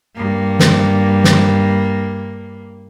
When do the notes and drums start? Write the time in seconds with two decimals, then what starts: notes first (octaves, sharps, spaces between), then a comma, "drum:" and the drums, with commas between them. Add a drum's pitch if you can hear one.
0.16 G2 A#3
0.59 drum: snare
1.24 drum: snare